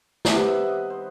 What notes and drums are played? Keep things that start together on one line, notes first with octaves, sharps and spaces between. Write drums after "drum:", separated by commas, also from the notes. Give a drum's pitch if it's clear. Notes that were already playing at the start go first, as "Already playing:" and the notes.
C3 D#3 G3 B3 F#5, drum: snare
F#5
E5
D#5
C5